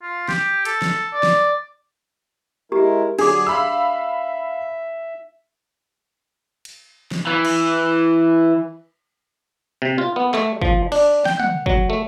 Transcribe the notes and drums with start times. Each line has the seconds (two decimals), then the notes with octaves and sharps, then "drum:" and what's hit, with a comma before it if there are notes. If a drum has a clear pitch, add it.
0.02 F4
0.28 G4, drum: snare
0.65 A4, drum: hi-hat
0.82 drum: snare
1.13 D5
1.23 drum: snare
2.72 G#3 E4 G4 A#4
3.19 D3 F#3 D4 G#4 D6, drum: cymbal
3.47 E5 F5 B5 E6
6.65 drum: cymbal
7.11 drum: snare
7.27 E3
7.45 drum: cymbal
9.82 C3
9.98 F4
10.16 B3
10.34 A3, drum: clap
10.62 F3, drum: kick
10.92 D4, drum: cymbal
11.25 G5, drum: snare
11.40 F#5, drum: tom
11.66 F#3, drum: kick
11.90 A3